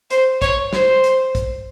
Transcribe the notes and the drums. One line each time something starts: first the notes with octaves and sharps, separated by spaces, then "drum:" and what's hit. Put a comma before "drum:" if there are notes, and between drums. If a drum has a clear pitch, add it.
C5, drum: hi-hat
C#5, drum: kick, hi-hat
C5, drum: snare
drum: hi-hat
drum: kick, hi-hat